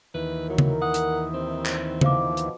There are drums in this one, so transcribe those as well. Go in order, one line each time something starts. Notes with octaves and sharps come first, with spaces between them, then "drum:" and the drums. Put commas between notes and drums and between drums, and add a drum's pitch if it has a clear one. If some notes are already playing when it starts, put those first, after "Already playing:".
D#2 E3 B4
F#3 A#4
drum: tom C#3
F#5 D#6
drum: hi-hat
C3 D#3 C4
drum: clap
B2 F3 C5 F5 D6, drum: tom C#3
drum: hi-hat